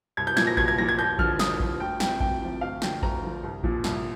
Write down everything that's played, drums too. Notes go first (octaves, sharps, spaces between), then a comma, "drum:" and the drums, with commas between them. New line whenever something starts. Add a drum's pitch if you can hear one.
C2 G#6
G6
A#2 F3 G#6, drum: snare
A#6
C2 G#6, drum: kick A1
G#6
A#2 F3 A#6
G#6
D#2 G6
D3 F3 F6, drum: kick A1
D#2 D#6, drum: snare
D3 F3, drum: kick A1
D2 G5
C3 F3 G5, drum: snare
D2 G5, drum: kick A1
C3 F3
D2 F5
D3 F3 G5, drum: snare
D2 A#5, drum: kick A1
D3 F3
C2
A#2 F3, drum: kick A1
C2, drum: snare